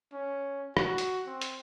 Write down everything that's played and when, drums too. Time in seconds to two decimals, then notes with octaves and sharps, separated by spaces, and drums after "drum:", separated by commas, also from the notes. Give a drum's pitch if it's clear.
0.13 C#4
0.77 F#4, drum: rim click
0.98 drum: hi-hat
1.27 C4
1.41 drum: hi-hat